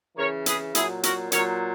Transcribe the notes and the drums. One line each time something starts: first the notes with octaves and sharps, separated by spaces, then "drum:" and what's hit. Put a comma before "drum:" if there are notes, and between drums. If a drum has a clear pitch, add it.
C#3 E3 A#4 C#5
G#4 B4, drum: hi-hat
A#2 F#3 E4 G#4, drum: hi-hat
F#4 A#4, drum: hi-hat
A#2 F#3 A#4 C#5, drum: hi-hat